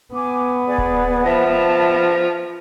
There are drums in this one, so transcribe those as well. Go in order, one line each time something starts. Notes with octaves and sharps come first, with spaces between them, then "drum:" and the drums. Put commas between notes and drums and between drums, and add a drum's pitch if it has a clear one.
B3 G#5 D6
G#4 D5
drum: kick D1
F3 E5 A5